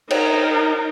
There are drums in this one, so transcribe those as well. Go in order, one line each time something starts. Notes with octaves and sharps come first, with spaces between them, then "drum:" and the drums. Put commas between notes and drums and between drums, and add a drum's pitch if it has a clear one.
D#4 A#4, drum: cymbal